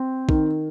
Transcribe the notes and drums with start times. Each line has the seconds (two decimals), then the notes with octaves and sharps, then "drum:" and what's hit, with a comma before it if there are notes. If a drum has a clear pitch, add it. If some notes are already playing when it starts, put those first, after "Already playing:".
Already playing: C4
0.29 D#3, drum: kick